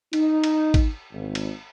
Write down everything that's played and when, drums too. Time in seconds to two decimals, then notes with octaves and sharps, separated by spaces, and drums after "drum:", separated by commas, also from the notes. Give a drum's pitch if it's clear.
0.13 D#4, drum: cymbal
0.44 drum: cymbal
0.74 drum: kick, cymbal
1.12 G#1
1.35 drum: cymbal